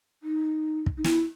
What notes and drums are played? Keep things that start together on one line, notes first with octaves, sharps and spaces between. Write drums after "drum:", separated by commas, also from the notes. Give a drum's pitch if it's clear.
D#4
drum: kick
D#4
E4, drum: snare